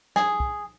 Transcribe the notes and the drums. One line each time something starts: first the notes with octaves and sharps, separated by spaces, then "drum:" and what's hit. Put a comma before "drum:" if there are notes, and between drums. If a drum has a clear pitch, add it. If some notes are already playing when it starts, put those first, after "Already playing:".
G#4, drum: snare
drum: kick